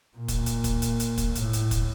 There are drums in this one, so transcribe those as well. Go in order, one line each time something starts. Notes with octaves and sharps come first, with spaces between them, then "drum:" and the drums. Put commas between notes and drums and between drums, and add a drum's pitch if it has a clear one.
A#2
drum: kick, hi-hat
drum: hi-hat
drum: kick, hi-hat
drum: hi-hat
drum: hi-hat
drum: kick, hi-hat
A2, drum: hi-hat
drum: hi-hat
drum: kick, hi-hat